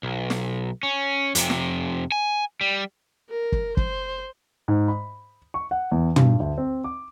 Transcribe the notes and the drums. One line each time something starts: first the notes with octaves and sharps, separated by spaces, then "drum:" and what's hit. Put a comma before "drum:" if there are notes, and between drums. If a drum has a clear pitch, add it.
B1
drum: snare
C#4
F2 C3, drum: hi-hat
drum: snare
G#5
G3
A#4
drum: kick
C5, drum: kick
G#2
B5
C#6
F#5
E2
G2, drum: tom
D2
C4
D6